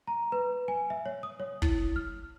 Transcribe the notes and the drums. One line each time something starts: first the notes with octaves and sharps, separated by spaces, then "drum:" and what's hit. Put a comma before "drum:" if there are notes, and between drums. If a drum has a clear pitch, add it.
A#5
B4
G#5
E5
C#5
D#6
C#5
E4, drum: kick
F6